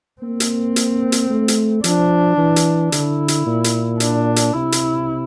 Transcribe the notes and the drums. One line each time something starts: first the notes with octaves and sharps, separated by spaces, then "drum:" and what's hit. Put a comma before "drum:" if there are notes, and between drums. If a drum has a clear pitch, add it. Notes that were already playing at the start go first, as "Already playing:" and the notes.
A#3 C4
drum: hi-hat
drum: hi-hat
drum: hi-hat
A3
drum: hi-hat
F3 D4, drum: hi-hat
E3
drum: hi-hat
D3 E4, drum: hi-hat
drum: hi-hat
A#2
drum: hi-hat
D4, drum: hi-hat
drum: hi-hat
C3 E4
drum: hi-hat